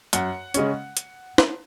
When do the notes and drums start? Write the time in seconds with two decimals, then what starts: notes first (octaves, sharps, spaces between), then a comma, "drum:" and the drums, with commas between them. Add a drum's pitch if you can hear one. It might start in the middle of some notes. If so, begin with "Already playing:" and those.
0.13 F#2 F#5, drum: hi-hat
0.54 C#3 G#3 C#4, drum: hi-hat
0.97 drum: hi-hat
1.38 drum: snare